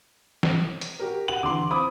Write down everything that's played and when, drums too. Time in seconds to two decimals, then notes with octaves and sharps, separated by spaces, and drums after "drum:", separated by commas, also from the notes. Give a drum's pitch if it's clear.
0.43 drum: snare
0.81 drum: hi-hat
0.99 F#4 G4 A#4
1.28 F#5 F#7
1.43 D3 E3 C6 D6
1.71 C4 B5 D6 D#6